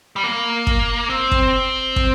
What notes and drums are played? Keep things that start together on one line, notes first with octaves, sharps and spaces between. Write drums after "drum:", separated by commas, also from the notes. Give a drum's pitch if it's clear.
G3
A#3
drum: kick
C4
drum: kick
drum: kick